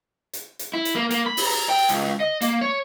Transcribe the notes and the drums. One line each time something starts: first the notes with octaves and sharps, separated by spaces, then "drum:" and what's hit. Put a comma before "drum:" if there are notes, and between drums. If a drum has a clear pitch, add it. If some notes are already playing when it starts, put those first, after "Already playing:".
drum: hi-hat
drum: hi-hat
E4
drum: hi-hat
A#3
A#3, drum: hi-hat
B5
drum: open hi-hat
A#5
G5
C#2, drum: hi-hat
D#5
A#3, drum: hi-hat
C#5